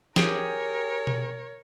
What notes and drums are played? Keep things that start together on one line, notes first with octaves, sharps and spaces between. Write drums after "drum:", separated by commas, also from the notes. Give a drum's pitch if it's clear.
G4 G#4 A#4 C#5, drum: snare
drum: tom B2